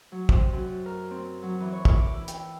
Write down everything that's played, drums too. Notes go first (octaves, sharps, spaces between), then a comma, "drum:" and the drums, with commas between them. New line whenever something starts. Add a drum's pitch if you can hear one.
F#3
C3, drum: kick
F#2
A#4
C4
F#3
E3
C#5
C#5, drum: kick
D6
E4
G5, drum: hi-hat